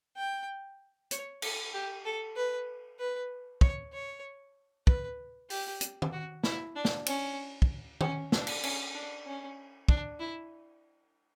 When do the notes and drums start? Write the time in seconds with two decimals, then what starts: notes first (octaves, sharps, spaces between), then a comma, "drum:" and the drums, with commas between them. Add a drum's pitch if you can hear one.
0.16 G5
1.11 C#5, drum: hi-hat
1.42 A4, drum: cymbal
1.73 G4
2.05 A4
2.36 B4
2.99 B4
3.61 C#5, drum: kick
3.93 C#5
4.87 B4, drum: kick
5.50 G4, drum: open hi-hat
5.81 drum: hi-hat
6.02 drum: tom
6.12 F#4
6.44 E4, drum: snare
6.76 D4
6.85 drum: snare
7.06 C#4, drum: cymbal
7.62 drum: kick
8.01 C#4, drum: tom
8.32 D4, drum: snare
8.47 drum: cymbal
8.64 C#4, drum: cymbal
8.95 D4
9.26 C#4
9.89 D4, drum: kick
10.20 E4